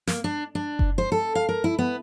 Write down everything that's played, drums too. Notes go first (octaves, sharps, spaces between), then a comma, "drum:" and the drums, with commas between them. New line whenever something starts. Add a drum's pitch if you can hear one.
A#3, drum: snare
D4
D4
drum: kick F#1
C5
A4
F5
A#4
E4
B3